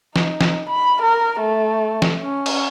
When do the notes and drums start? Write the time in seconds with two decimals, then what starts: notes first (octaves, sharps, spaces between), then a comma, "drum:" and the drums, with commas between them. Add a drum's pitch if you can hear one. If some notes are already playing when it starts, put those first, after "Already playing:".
0.16 D#4, drum: snare
0.41 drum: snare
0.70 B5
1.02 A#4
1.41 A3
2.02 drum: snare
2.23 C#4
2.46 drum: cymbal